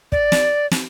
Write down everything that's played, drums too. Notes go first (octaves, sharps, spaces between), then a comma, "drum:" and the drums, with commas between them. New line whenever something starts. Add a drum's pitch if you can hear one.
D5, drum: kick
drum: snare
drum: snare